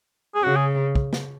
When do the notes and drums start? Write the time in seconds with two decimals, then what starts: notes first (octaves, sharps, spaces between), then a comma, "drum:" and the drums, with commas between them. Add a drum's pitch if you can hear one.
0.35 G#4
0.43 C#3 F#4
0.56 G#4
0.95 drum: kick
1.13 drum: snare